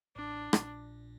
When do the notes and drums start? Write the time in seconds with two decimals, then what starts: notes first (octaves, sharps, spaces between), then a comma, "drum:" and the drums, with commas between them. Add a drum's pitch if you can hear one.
0.16 A1 A2 D4
0.53 A#1 A#2, drum: rim click